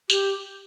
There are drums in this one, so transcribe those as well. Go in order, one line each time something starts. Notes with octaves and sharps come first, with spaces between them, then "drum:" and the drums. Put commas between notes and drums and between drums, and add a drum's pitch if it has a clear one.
G4, drum: tambourine